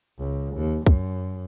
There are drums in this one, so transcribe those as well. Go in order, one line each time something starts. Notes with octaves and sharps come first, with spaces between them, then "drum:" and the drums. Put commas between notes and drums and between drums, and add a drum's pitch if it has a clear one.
C#2
D#2
F#2, drum: kick